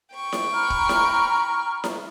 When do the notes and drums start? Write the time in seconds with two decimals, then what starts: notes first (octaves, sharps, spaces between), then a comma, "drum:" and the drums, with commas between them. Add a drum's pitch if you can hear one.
0.14 G5 C#6
0.32 drum: snare E4
0.54 A#5 B5 F6
0.70 drum: kick
0.89 drum: snare E4
1.84 drum: snare E4